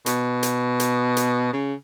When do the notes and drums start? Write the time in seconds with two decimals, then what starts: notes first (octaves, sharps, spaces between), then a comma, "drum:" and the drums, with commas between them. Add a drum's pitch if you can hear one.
0.06 B2, drum: hi-hat
0.43 drum: hi-hat
0.80 drum: hi-hat
1.17 drum: hi-hat
1.53 C#3